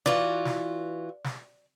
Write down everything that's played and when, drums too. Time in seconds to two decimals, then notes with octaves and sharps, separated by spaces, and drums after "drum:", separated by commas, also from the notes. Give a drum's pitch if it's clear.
0.06 E3 F4 F#4 D5, drum: snare
0.45 drum: snare
1.24 drum: snare